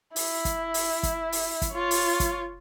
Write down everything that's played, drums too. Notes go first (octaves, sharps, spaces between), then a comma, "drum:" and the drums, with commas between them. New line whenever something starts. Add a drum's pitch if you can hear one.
E4, drum: open hi-hat
drum: kick, hi-hat
drum: open hi-hat
drum: kick, hi-hat
drum: open hi-hat
drum: kick, hi-hat
F4 C#5
drum: open hi-hat
drum: kick, hi-hat